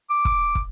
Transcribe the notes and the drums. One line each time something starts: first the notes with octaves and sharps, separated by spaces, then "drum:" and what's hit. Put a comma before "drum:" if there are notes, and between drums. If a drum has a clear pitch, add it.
D6
drum: kick
drum: kick